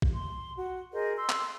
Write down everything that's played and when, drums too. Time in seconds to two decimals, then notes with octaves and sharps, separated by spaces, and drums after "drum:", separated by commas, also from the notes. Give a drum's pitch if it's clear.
0.02 drum: kick
0.14 C6
0.57 F#4
0.92 G#4 A#4 C5 D#5
1.16 C6 E6
1.30 drum: clap